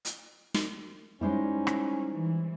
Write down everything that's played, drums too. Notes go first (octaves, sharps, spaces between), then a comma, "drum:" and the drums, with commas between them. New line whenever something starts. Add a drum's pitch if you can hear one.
drum: hi-hat
drum: snare
G3 G#3 C#4 D#4 E4 C5
drum: rim click
E3